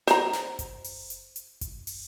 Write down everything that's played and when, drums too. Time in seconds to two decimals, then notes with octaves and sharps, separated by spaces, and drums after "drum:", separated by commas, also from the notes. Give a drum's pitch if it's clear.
0.07 C5 A#5, drum: snare
0.33 drum: snare
0.59 drum: kick F#1, hi-hat
0.84 drum: open hi-hat
1.10 drum: hi-hat
1.36 drum: hi-hat
1.61 drum: kick F#1, hi-hat
1.87 drum: open hi-hat